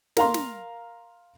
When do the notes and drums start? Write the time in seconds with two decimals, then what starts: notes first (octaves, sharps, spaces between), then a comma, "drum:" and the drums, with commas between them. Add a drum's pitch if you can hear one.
0.17 A#4 F5 A#5 C6, drum: snare
0.34 drum: snare